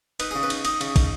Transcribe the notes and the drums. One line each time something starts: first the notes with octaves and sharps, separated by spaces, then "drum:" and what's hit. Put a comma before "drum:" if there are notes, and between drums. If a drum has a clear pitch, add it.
D#4 B4, drum: cymbal
C#3 G#4
B4
D#4, drum: cymbal
D#4 D#5, drum: cymbal
C#3, drum: cymbal
D#4, drum: kick, cymbal